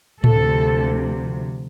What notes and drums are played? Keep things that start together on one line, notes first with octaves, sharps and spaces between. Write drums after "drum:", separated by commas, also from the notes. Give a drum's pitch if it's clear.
D2 C3 F3 A4, drum: tom A2